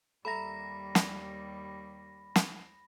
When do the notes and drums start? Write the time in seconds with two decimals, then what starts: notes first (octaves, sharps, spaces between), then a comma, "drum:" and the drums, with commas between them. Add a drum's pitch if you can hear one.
0.25 D#2 G3 A4 E5 A#5 B5 A#6
0.95 drum: snare
2.36 drum: snare